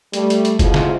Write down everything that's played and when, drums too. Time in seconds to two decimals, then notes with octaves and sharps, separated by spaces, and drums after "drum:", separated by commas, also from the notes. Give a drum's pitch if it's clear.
0.13 G3 A3, drum: hi-hat
0.30 drum: hi-hat
0.45 drum: hi-hat
0.59 F2 F3 G#3 E4 F#4, drum: kick, hi-hat
0.74 drum: snare